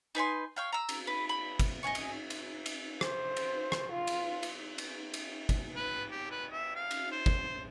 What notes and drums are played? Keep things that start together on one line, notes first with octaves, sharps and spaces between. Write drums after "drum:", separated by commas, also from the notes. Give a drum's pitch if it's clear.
D#4 B4 G#5 C6
C#5 F5 G5
A#5 E6
drum: cymbal
B4
B5
drum: kick, cymbal
D#5 F#5 G#5 C#6
drum: cymbal
drum: cymbal
drum: cymbal
C5, drum: rim click
drum: cymbal
drum: rim click
F4
drum: cymbal
drum: cymbal
drum: cymbal
drum: cymbal
drum: kick, cymbal
B4
G4
B4
E5
F5
drum: cymbal
C5
drum: kick